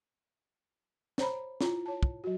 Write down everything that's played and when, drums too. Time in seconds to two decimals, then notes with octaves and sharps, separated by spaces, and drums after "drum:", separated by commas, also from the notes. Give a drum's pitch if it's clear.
1.18 C5 C#5 A#5 B5, drum: snare
1.61 E4 F4 A#5, drum: snare
1.86 C#5 A5
2.03 drum: kick
2.24 F#3 F#4